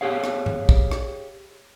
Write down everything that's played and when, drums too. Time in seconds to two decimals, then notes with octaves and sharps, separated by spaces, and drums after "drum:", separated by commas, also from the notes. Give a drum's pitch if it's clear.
0.01 G4 G#4 C#5 F5
0.24 drum: rim click
0.46 drum: tom G2
0.69 drum: kick
0.91 drum: rim click